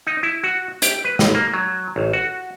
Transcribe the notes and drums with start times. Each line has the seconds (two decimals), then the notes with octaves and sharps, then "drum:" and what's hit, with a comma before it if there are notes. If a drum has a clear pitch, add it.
0.07 D#4
0.23 E4
0.44 F#4
0.82 G4, drum: hi-hat
1.04 B4
1.19 A1, drum: snare
1.35 A#3
1.54 F#3
1.96 A1
2.13 F#4